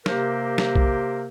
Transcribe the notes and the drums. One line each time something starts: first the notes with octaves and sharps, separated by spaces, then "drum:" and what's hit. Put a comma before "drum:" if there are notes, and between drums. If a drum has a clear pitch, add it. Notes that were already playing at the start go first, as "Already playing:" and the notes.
C3 A#3 G4 A#4 C5, drum: snare
drum: snare
drum: kick B1